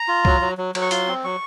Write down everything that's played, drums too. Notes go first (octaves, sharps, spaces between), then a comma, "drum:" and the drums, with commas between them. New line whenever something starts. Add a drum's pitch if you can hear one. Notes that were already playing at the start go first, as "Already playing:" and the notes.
Already playing: A#5
F4
F#3, drum: kick C2
F#3
F#3
F#3, drum: cymbal
C#6
F4 C6, drum: hi-hat
C4
F#3 C#6